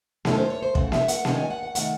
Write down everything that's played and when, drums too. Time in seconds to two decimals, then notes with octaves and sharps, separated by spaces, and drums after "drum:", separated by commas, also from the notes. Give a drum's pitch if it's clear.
0.25 F#2 D#3 A3 C#4 E4, drum: snare A#3
0.31 A4
0.38 C5
0.50 C#5
0.63 C5
0.75 C#3 E3 A3 F#5, drum: kick
0.92 E5, drum: snare A#3
1.08 F#5, drum: hi-hat
1.25 D#3 G#3 C#4 A5, drum: snare A#3
1.38 G#5
1.51 F#5
1.63 F#5
1.75 C3 D#3 A3 F#5, drum: hi-hat